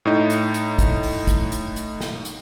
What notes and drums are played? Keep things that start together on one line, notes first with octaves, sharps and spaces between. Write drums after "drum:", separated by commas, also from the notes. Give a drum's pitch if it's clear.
A2 D#4
drum: hi-hat
drum: hi-hat
drum: kick, hi-hat
drum: open hi-hat
drum: kick, hi-hat
drum: hi-hat
drum: hi-hat
drum: snare
drum: hi-hat